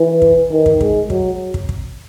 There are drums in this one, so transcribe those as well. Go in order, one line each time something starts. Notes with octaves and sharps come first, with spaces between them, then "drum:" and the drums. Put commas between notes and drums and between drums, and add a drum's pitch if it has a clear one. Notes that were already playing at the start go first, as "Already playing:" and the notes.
Already playing: E3
drum: kick
D#3
drum: kick
G#3, drum: kick
F#3, drum: kick
drum: kick
drum: kick